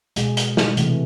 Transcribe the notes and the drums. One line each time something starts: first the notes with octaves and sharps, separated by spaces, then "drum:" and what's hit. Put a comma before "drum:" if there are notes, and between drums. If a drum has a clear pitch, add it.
B2 G#3 G#4, drum: hi-hat
drum: hi-hat
drum: snare
C3 E3 A3, drum: hi-hat